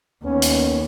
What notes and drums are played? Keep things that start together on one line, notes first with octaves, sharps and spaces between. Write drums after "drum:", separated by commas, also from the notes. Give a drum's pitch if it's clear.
D#2 B3 C#4
drum: hi-hat